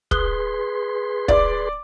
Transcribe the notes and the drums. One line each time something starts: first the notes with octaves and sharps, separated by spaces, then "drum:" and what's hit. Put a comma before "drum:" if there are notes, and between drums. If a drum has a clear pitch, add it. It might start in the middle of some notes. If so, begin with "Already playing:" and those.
G#4 B4 C6, drum: kick
D5 D6, drum: kick